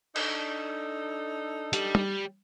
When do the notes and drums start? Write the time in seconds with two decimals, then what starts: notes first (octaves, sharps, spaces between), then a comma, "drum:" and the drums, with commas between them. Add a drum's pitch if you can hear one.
0.16 D4 D#4 A4, drum: cymbal
1.73 G3, drum: hi-hat
1.95 drum: tom